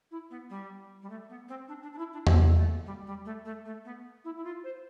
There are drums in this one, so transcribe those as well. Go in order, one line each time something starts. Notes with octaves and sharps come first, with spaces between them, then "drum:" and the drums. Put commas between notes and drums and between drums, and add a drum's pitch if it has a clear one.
E4
B3
G3
G3
A3
B3
C4
D4
D4
D4
E4
D4
C4, drum: tom E2
A3
G3
G3
A3
A3
A3
B3
E4
E4
F4
C5